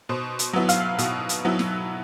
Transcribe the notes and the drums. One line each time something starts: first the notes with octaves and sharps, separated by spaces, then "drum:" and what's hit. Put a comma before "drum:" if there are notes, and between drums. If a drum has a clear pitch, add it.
B2 C5
drum: hi-hat
F#3 B3 E4
F5, drum: hi-hat
B2, drum: hi-hat
drum: hi-hat
F#3 B3 E4
drum: snare